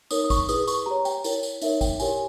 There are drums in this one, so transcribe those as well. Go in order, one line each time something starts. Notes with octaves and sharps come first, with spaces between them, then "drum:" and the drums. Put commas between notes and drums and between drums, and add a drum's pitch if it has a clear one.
D#4 A#4 C#5 D#6, drum: tambourine
D#6
C#6, drum: kick G#1, tambourine
E4 G#4 B4 D#6, drum: tambourine
C#6, drum: tambourine
G4 C#5 A#5
G5, drum: tambourine
E4 A#4 C#5, drum: tambourine
drum: tambourine
D#4 A#4 C#5 E5, drum: tambourine
G5, drum: kick G#1, tambourine
E4 G4 A#4 C#5 G#5, drum: tambourine